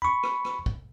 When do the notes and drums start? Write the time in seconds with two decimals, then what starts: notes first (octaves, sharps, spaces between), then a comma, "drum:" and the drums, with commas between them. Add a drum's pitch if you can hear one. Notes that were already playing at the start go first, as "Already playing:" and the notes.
0.02 B5 C#6
0.23 drum: rim click
0.45 drum: rim click
0.66 drum: kick